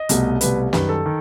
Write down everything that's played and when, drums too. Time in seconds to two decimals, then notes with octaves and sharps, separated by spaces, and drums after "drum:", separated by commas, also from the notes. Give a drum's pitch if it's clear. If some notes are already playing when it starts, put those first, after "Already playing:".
Already playing: D#5
0.09 C2 B2 A3, drum: hi-hat
0.41 C2 B2 A3 B4, drum: hi-hat
0.73 F#2 D#3 G3 B4, drum: snare
0.89 A4
1.06 D#3